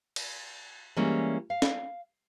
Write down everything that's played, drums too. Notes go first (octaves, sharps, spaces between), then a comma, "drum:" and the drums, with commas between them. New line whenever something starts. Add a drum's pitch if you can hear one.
drum: cymbal
E3 G3 G#3 A#3 C#4
F5
drum: snare